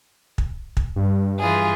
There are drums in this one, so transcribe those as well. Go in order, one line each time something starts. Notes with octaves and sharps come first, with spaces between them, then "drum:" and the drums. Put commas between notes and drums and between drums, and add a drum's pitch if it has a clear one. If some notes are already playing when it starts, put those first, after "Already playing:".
drum: kick
drum: kick
G2
E3 F4 G#4